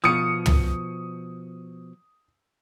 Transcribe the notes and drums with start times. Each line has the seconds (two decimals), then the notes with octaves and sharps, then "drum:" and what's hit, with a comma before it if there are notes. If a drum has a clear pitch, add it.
0.04 B2 F3 D#6 C#7
0.46 drum: tom